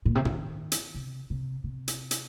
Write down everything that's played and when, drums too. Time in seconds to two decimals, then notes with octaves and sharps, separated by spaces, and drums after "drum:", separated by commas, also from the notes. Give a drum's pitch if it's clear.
0.05 A#2
0.15 C3
0.25 D#3, drum: tom
0.72 drum: hi-hat
0.95 C3
1.30 C3
1.64 C3
1.88 drum: hi-hat
2.11 drum: hi-hat